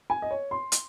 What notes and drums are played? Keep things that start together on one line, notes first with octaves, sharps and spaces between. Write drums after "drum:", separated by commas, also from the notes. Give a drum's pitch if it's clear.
G#5
D#5
C#5
C6
drum: hi-hat